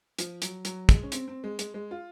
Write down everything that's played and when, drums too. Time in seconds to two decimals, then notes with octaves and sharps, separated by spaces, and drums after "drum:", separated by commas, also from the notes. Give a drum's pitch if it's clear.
0.19 F3, drum: hi-hat
0.42 F#3, drum: hi-hat
0.65 F#3, drum: hi-hat
0.89 G#3, drum: kick, hi-hat
1.03 C#4
1.12 C4, drum: hi-hat
1.28 C4
1.44 G#3
1.59 G#3, drum: hi-hat
1.74 G#3
1.91 F4